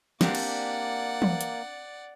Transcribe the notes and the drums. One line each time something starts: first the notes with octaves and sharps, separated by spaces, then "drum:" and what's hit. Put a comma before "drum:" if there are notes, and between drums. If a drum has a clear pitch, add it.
A#3 C4 D4 G4 D5 F#5, drum: snare
drum: cymbal
drum: tom E3
drum: hi-hat